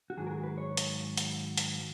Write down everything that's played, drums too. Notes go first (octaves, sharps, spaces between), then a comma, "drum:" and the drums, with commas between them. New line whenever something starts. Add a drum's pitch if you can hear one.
F#4
G#2 D#3 F#3 G#4
A#4
G#4
B4
C#5
drum: hi-hat
drum: hi-hat
drum: hi-hat